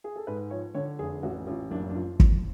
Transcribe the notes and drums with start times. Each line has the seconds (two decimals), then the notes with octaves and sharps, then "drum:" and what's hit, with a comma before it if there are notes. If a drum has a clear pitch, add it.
0.04 G#4
0.16 A4
0.27 G#2 B4
0.51 F3 C#5
0.75 D3 C#5
0.99 F1 G#4
1.23 A1 F#4
1.47 A1 F4
1.71 F#1 D4
1.90 D4
1.95 F3 F4
2.20 F3, drum: kick